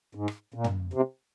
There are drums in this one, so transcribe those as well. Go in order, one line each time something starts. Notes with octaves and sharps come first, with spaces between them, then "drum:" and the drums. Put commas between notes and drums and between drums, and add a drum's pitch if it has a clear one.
G#2
drum: rim click
A#2
drum: tom
C3